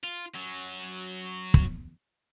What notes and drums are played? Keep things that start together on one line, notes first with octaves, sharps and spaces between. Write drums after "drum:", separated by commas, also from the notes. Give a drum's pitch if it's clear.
F4
F#3 C#4
drum: kick